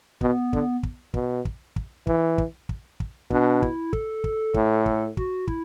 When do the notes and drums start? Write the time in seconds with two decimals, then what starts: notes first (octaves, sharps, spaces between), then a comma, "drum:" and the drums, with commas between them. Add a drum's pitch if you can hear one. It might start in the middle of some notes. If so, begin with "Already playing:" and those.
0.21 B2 B3, drum: kick
0.53 D3, drum: kick
0.83 drum: kick
1.14 B2, drum: kick
1.45 drum: kick
1.76 drum: kick
2.07 E3, drum: kick
2.38 drum: kick
2.69 drum: kick
3.00 drum: kick
3.30 B2 D4, drum: kick
3.62 E4, drum: kick
3.93 A4, drum: kick
4.24 drum: kick
4.54 A2, drum: kick
4.86 drum: kick
5.17 F#4, drum: kick
5.47 E4, drum: kick